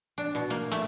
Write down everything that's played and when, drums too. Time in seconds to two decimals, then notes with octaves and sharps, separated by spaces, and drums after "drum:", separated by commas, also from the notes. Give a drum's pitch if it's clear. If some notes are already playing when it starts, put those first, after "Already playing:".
0.18 D4
0.35 B2
0.50 A#3
0.72 A3, drum: hi-hat